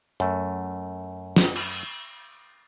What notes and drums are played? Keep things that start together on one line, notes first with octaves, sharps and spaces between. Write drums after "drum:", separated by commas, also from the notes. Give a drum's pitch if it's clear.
F#2 A3, drum: hi-hat
drum: snare
drum: cymbal